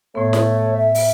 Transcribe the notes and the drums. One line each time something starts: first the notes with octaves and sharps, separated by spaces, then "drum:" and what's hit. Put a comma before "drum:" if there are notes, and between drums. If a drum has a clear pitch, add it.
A2 A3 B3 C#5
drum: snare
E5
drum: open hi-hat